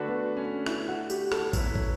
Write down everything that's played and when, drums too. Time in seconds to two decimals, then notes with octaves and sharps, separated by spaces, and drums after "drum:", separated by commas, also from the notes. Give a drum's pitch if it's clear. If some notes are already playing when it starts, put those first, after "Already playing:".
Already playing: D3 A3 D4 F#4 B4
0.08 B3
0.37 C#4
0.66 E4, drum: rim click
0.88 F#4
1.10 G4, drum: tambourine
1.32 A4, drum: rim click
1.53 F#3 B3 C#4 E4 B4, drum: kick, tambourine
1.76 drum: kick